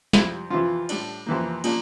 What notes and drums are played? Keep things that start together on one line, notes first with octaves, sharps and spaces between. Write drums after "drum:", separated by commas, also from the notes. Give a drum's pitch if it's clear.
F2 C3 G3 E4, drum: snare
F2 C3 E3 F4
A2 G3 D4, drum: cymbal
F2 C3 E3 A#3
A#2 F3 A#3 D4, drum: cymbal